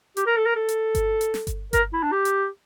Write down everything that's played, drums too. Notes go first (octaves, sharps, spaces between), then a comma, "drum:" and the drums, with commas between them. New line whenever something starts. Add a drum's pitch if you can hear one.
G4, drum: hi-hat
A#4
A4
A#4
A4
drum: hi-hat
drum: kick G1, hi-hat
drum: hi-hat
drum: snare
drum: kick G1, hi-hat
A#4, drum: kick G1, hi-hat
E4
D4
G4
drum: hi-hat